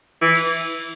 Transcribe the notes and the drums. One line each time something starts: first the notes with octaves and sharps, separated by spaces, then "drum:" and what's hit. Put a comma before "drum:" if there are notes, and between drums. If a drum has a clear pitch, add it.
E3
drum: cymbal